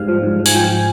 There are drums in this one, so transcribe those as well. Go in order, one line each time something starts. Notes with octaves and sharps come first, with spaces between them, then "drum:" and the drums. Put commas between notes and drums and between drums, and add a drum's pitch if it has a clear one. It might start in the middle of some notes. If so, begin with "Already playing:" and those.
Already playing: G#2 G3 F5
F3
G#2
F3
G#5, drum: open hi-hat
F3 G5